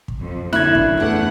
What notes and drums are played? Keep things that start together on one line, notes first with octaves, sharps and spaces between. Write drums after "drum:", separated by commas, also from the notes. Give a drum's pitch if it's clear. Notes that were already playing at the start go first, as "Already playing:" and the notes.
drum: kick
F2
F#2 D3 E4 F#6 G#6, drum: snare D#4
drum: kick
E2 A3 B3 D4 F#5